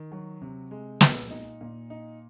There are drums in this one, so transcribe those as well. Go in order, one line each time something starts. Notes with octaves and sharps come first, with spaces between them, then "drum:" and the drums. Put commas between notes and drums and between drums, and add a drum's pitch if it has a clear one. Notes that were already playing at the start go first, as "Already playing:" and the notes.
Already playing: D#3
F#3
C3
G#3
A#2, drum: snare
D#4
A#2
D#4